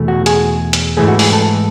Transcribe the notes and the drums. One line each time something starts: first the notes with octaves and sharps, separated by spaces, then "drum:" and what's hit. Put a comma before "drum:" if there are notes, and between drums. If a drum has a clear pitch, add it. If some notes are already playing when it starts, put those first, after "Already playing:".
Already playing: E2 B2 A3
F#4
G#4, drum: hi-hat
drum: hi-hat
G#2 E3 A3 G#4
F#4
G#4, drum: open hi-hat
A4